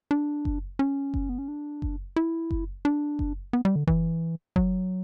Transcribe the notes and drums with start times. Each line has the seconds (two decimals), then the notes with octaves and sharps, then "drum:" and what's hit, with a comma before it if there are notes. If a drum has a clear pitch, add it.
0.11 D4
0.45 drum: kick F#1
0.79 C#4
1.14 drum: kick F#1
1.29 B3
1.38 C#4
1.48 D4
1.82 drum: kick F#1
2.16 E4
2.51 drum: kick F#1
2.85 D4
3.19 drum: kick F#1
3.53 B3
3.65 G3
3.76 D3
3.87 E3, drum: kick F#1
4.56 F#3, drum: kick F#1